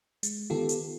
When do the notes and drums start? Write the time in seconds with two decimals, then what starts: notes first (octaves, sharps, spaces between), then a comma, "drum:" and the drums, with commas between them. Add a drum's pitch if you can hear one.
0.23 G#3, drum: hi-hat
0.50 D#3 B3 F4 G4 A4
0.69 drum: hi-hat